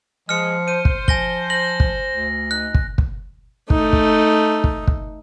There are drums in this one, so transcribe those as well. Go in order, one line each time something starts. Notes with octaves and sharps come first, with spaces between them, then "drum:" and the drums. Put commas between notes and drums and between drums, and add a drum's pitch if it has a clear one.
F3 G#3 F6 C#7
C5 D#7
drum: kick
F3 G#5 A#6 G7, drum: kick
A#6 F#7
drum: kick
D2
D#4 F#6
drum: kick
drum: kick
A3 D#4, drum: kick
drum: kick
drum: kick
drum: kick